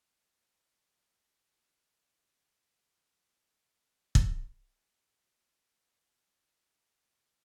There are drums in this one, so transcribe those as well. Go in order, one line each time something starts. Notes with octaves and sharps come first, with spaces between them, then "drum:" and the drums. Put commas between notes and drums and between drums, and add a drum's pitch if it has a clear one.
A1 G#2 F3 A5
C6
B5
A#5
A5
A#1 G#2 F3 G#3 G#5
F#1 F#2 D#3 A#5
A5
G#5
A#5
A2 F3 G#3 C4
A5
A#5
B5
E1 E2 C#3 F3 G#3 C#6
drum: kick
C#6
G1 F2 C3 F3 D6
E6
D#6
G#2 E3 G#3
D6
F1 D#2 D3 G3 A#3